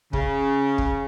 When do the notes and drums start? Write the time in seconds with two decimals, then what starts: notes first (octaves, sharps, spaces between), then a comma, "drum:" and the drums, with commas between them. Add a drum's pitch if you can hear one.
0.13 C#3, drum: kick
0.78 drum: kick